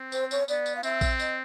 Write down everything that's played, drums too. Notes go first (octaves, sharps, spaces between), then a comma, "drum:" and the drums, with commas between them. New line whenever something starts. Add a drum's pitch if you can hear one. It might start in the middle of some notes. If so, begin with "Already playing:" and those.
Already playing: C4
C5, drum: tambourine
C#5, drum: tambourine
B3 D5, drum: tambourine
drum: tambourine
F5
C4 E5, drum: tambourine
drum: kick A#1, tambourine
D#5, drum: tambourine